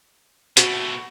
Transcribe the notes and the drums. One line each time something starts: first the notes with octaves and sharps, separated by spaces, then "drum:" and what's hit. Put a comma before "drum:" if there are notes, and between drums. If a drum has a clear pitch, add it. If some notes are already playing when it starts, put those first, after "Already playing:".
B2 A3 F#4, drum: hi-hat